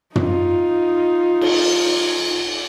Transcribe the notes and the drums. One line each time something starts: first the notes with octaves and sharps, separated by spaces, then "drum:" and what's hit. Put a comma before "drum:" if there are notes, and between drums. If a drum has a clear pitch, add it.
D#4 F4, drum: tom
drum: cymbal